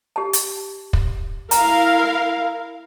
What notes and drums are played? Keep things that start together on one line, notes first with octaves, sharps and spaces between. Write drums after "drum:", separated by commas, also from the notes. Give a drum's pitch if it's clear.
G4 A5
drum: hi-hat
drum: kick
E4 A#4 F5 A#5, drum: hi-hat